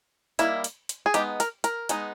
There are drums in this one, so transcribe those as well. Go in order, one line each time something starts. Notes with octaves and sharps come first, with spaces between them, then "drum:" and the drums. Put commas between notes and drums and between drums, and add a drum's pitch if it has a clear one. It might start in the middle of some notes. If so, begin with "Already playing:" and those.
D#3 G3 A#3 E4, drum: hi-hat
drum: hi-hat
drum: hi-hat
G#4
G#3 B3 D#4 G4, drum: hi-hat
A#4, drum: hi-hat
A#4, drum: hi-hat
G#3 B3 D#4, drum: hi-hat